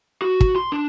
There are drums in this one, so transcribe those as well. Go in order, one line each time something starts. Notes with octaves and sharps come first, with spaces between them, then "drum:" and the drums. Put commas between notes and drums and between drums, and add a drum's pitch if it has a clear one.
F#4
drum: kick
C6
D4